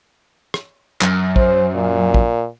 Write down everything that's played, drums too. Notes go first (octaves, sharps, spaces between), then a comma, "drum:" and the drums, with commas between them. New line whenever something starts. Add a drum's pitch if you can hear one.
drum: rim click
F#2, drum: clap
C5, drum: kick
A#2
drum: kick